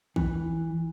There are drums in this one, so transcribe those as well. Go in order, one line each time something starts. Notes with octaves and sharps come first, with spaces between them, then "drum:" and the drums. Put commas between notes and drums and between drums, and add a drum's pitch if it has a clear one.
E3, drum: kick